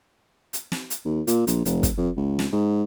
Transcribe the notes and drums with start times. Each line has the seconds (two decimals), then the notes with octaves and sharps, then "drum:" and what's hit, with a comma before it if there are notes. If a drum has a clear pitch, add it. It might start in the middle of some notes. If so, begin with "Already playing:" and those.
0.53 drum: hi-hat
0.72 drum: snare
0.90 drum: hi-hat
1.05 D#2
1.27 A#2, drum: hi-hat
1.47 A#1, drum: hi-hat
1.65 F1, drum: hi-hat
1.83 drum: kick, hi-hat
1.98 F2
2.17 C#2
2.39 drum: snare
2.53 G#2